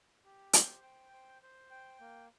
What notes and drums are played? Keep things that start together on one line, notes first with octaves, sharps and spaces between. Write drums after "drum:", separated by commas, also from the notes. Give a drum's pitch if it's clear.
G4
C5, drum: hi-hat
G5
C5
C5
G5
A#3